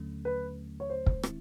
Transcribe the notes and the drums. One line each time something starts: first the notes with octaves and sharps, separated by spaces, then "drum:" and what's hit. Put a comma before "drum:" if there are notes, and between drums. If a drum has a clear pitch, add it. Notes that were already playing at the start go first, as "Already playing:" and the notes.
Already playing: D#2 D3 F#3 A3 C#4
B4
C#5
C5
drum: kick
D#3 G#3 C4 E4, drum: rim click